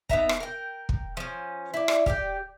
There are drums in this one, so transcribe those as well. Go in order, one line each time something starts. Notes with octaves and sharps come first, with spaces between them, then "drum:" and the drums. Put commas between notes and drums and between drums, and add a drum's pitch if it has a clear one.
B3 D#4 E5 A#5, drum: kick
drum: rim click
A#4 G5
drum: kick
F3 C#4
E4 D5
drum: rim click
G4 D5 F5 G5, drum: kick